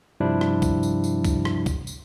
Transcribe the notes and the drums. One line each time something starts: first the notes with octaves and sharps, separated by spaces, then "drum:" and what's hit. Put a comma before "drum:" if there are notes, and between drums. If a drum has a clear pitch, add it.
G2 C3 F3 G3 D4 E4
drum: rim click
drum: kick C#2, tambourine
drum: tambourine
drum: tambourine
drum: kick C#2, tambourine
drum: rim click
drum: kick C#2, tambourine
drum: tambourine